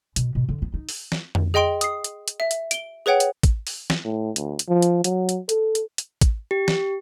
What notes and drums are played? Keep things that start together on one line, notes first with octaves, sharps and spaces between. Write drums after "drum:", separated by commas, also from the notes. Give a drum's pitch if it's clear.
B2, drum: hi-hat
B2
D3
B3
D#4
drum: open hi-hat
drum: snare
drum: tom F2
G#4 D#5 G5 C6 D7
D#6 C7, drum: hi-hat
drum: hi-hat
drum: hi-hat
E5
drum: hi-hat
D7 G7, drum: hi-hat
G#4 B4 C#5 F#5 G5
drum: hi-hat
drum: kick, hi-hat
drum: open hi-hat
drum: snare
A2
D2, drum: hi-hat
drum: hi-hat
F3
drum: hi-hat
F#3, drum: hi-hat
drum: hi-hat
A4, drum: hi-hat
drum: hi-hat
drum: hi-hat
drum: kick, hi-hat
G4
drum: snare